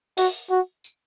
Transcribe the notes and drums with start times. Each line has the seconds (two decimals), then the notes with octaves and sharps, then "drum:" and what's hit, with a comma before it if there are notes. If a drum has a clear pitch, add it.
0.17 F#4, drum: open hi-hat
0.50 F#4
0.84 drum: tambourine